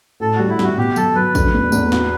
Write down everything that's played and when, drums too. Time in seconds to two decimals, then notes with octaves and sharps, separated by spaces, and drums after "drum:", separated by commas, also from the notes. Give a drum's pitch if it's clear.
0.20 A2 A4
0.35 G3 F#4
0.49 E4
0.59 G3 F#4, drum: snare
0.78 B2 G4
0.96 F#3 A4, drum: tambourine
1.15 F#3 B4
1.35 D3, drum: kick, tambourine
1.54 E2
1.72 E2, drum: tambourine
1.92 F#4, drum: snare